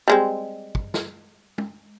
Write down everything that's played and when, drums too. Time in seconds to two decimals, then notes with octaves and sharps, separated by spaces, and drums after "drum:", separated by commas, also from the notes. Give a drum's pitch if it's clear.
0.08 G3 G#3 C4
0.75 drum: kick
0.94 drum: snare
1.58 drum: tom